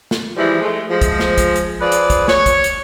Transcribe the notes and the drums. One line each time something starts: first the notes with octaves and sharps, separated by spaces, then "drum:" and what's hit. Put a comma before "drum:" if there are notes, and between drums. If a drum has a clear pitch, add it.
drum: snare
E3 F3 G3 G#3 E4
G#3 A3
F3 G#3
drum: kick, hi-hat
drum: snare
drum: kick, hi-hat
drum: hi-hat
F3 G#4 B4 D5
drum: hi-hat
drum: kick, hi-hat
C#5, drum: snare
drum: kick, hi-hat
drum: hi-hat